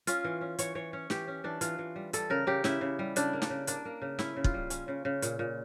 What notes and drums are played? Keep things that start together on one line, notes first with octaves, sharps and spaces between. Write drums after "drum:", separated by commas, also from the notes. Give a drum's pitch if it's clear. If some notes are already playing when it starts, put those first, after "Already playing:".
C#4 F4, drum: hi-hat
E3
C#4
E3 C#5, drum: hi-hat
E3 C#5
C#4 C#5
E3 G4, drum: snare
C#4
E3 D4
E3 F4, drum: hi-hat
E3
G3
G3 A4, drum: hi-hat
C#3 A#4
C#3 G4
C#3 E4, drum: snare
C#3
G3
C#3 D4, drum: hi-hat
A#3
D4, drum: snare
C#3
A#3 D4, drum: hi-hat
A#3
C#3
C#4 E4, drum: snare
C#3
F4, drum: kick
G3
C#4, drum: hi-hat
C#3
C#3
A#2, drum: hi-hat
A#2